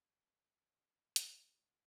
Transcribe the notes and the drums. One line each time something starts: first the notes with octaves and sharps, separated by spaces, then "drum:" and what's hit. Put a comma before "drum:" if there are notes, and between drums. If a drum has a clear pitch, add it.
E3
C#3, drum: hi-hat